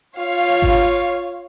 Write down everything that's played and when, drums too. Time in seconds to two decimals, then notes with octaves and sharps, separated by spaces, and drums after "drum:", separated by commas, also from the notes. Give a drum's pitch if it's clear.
0.16 F4 C#5 F5
0.62 drum: kick G#1